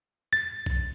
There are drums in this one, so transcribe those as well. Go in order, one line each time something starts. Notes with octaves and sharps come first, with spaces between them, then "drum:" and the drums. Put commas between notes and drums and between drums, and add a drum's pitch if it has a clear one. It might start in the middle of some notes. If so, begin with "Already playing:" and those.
A6
drum: kick B1